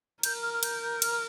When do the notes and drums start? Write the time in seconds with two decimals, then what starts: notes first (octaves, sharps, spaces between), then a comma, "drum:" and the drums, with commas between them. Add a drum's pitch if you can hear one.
0.23 A#4 G6, drum: cymbal
0.42 F6
0.53 F6
0.63 G6, drum: cymbal
0.82 G6
1.02 F6, drum: cymbal